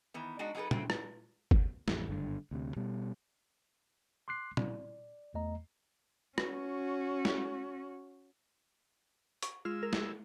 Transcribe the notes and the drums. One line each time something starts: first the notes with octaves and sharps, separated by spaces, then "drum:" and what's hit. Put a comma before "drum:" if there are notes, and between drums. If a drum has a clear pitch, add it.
D#3 E3 B3
G#3 D4 D#4 F#4 F#5
F#3 D#4 G#4 A4 B4
C#3 E3 A3 C4, drum: tom A#2
drum: rim click
drum: kick G1
A1 F2, drum: snare
F#1 G2 B2 D3
D2 C3
B2 G3
C6 D6 F#6 C7
D5, drum: tom A#2
E2 A3 D#5 A#5
C#4 F#4, drum: rim click
drum: snare
C#6, drum: hi-hat
G#3 F4 E6 F6
A#4
drum: snare